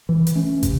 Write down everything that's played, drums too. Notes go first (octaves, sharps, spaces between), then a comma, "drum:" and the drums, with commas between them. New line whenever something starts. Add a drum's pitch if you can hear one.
E3
drum: hi-hat
A3 C#4
C3, drum: kick, hi-hat